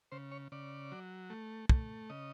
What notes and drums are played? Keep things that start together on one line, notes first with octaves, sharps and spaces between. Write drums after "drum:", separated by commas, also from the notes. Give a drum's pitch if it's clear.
C#3 C5
C#5
C#3 D5
F#3
A3
A3, drum: kick
C#3 D#5